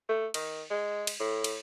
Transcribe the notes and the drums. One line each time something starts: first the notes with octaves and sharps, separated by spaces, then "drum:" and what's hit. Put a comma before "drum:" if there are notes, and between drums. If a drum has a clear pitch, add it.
A3
D#3, drum: cymbal
G#3
drum: cymbal
A2
drum: cymbal